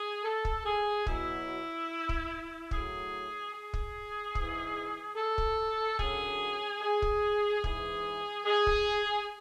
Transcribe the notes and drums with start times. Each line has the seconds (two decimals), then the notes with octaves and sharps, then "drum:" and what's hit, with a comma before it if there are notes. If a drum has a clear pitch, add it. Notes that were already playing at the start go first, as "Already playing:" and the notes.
Already playing: G#4
0.24 A4
0.45 drum: kick
0.66 G#4
1.06 B2 F#3 E4, drum: kick
2.09 drum: kick
2.71 A2 F#3 G#4, drum: kick
3.53 G#4
3.73 drum: kick
4.35 G#2 E3, drum: kick
5.17 A4
5.38 drum: kick
5.99 F#2 D3 F#3 G#4, drum: kick
6.81 G#4
7.02 drum: kick
7.64 G#2 E3 G#4, drum: kick
8.46 G#4
8.67 drum: kick